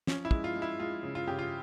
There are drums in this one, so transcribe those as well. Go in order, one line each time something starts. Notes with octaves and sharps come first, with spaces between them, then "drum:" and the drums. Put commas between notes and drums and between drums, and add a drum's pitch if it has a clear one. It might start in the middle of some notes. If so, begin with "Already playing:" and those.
F3 C#4, drum: snare
E4
G#3, drum: kick
F4
G#3
E4
G#3 F4
C#3
F4
C#3 G4
F4